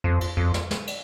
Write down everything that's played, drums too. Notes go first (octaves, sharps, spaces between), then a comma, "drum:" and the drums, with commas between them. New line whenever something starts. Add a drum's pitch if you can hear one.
F2
drum: cymbal
F2
drum: snare
drum: snare
drum: cymbal